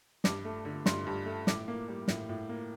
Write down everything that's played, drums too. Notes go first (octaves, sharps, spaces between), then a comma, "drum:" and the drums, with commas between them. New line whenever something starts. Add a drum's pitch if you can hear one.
G2 D6, drum: snare
A3
D3
G2 C6, drum: snare
G2
A3
A2 D6, drum: snare
A#3
G3
A2, drum: snare
A2
A#3